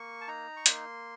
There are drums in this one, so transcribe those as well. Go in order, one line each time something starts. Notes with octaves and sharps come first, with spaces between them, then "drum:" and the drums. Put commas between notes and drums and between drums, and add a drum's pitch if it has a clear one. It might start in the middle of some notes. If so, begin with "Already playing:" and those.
Already playing: A#3 C#6
A5
D#4 A#5
C#6
A#3 C6, drum: hi-hat